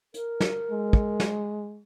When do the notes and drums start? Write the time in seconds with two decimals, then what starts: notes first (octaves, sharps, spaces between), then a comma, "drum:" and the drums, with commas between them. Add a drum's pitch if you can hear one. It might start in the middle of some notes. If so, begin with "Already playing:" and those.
0.14 A#4, drum: hi-hat
0.40 drum: snare
0.71 G#3
0.93 drum: kick
1.20 drum: snare